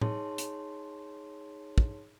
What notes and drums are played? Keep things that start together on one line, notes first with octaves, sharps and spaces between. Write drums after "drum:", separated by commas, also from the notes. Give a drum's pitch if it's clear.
D#4 G#4 C#5 A5 C6, drum: tom A2
drum: hi-hat
drum: kick